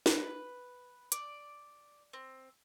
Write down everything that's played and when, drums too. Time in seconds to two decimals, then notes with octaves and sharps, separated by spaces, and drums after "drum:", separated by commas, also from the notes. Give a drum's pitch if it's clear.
0.06 B4, drum: snare
1.12 D5, drum: hi-hat
2.13 C4